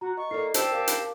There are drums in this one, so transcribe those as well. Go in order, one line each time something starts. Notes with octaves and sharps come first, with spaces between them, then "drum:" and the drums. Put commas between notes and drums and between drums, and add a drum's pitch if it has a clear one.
F#4 A#5
D#5 C#6
A#3 E4 A4 A#4 D5 C7
C4 G4 C5 A5 E6, drum: hi-hat
A#4 F5 D6
drum: hi-hat